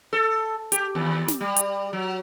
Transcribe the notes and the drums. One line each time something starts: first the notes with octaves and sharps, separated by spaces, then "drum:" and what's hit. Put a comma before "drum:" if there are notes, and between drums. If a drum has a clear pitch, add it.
A4
G4, drum: hi-hat
D#2
drum: snare
G3
drum: hi-hat
F#3